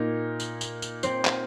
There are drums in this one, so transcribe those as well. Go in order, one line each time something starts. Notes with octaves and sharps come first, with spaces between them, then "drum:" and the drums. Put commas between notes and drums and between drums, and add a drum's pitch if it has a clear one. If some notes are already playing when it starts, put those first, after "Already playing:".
Already playing: A#2 A#3 D#4 A#4
drum: tambourine
drum: tambourine
drum: tambourine
C4 C5, drum: tambourine
drum: clap